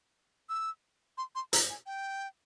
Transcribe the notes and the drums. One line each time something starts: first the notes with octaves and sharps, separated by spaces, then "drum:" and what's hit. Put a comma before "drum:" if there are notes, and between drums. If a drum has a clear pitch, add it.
E6
C6
C6
A#5, drum: hi-hat
G#5
G5